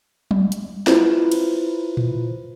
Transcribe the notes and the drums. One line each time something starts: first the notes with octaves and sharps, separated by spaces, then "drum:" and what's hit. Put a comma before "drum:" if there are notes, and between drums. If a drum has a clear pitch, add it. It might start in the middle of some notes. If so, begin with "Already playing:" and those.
drum: tom F#3
drum: hi-hat
E4 F4 B4 C5, drum: snare
drum: cymbal
drum: tom A#2